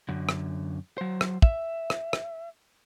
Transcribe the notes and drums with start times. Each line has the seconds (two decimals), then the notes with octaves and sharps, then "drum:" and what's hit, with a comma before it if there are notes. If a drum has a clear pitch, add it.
0.09 F#2 D3
0.29 drum: rim click
0.98 F#3 C5
1.21 drum: rim click
1.42 E5, drum: kick
1.90 drum: rim click
2.13 drum: rim click